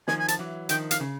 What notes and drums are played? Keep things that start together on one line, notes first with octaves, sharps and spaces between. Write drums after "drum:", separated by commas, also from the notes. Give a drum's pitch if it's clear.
D#3 F3 G#5, drum: snare
G#5
A5, drum: hi-hat
E3 F#3
D#3 F3 G5, drum: hi-hat
F5, drum: hi-hat
C#3